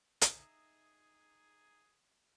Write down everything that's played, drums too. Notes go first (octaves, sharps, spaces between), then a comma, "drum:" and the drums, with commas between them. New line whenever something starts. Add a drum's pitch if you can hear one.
D#4 G#4 E5, drum: hi-hat